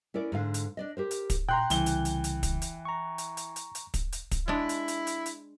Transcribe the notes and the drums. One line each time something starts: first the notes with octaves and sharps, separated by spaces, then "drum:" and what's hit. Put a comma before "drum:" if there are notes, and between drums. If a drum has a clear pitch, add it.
C#4 E4 A#4 D5
G#2 D3 F5
drum: hi-hat
D4 D5 D#5
G4 A#4 C5
drum: hi-hat
drum: kick, hi-hat
A#2 G5 A#5 C6 F#6
C2 C#3 E3 G7, drum: hi-hat
drum: hi-hat
drum: hi-hat
drum: hi-hat
drum: kick, hi-hat
drum: hi-hat
A#5 C#6
drum: hi-hat
drum: hi-hat
drum: hi-hat
drum: hi-hat
drum: kick, hi-hat
drum: hi-hat
drum: kick, hi-hat
G#3 D4 E4
drum: hi-hat
drum: hi-hat
drum: hi-hat
drum: hi-hat